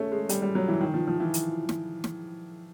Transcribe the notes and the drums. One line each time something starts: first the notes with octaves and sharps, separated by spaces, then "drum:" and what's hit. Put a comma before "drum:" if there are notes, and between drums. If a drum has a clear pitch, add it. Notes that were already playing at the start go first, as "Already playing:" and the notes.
Already playing: A3 C#4
G#3
G3, drum: hi-hat
G3
F#3
E3
D#3
F3
F3
E3
drum: hi-hat
drum: snare
drum: snare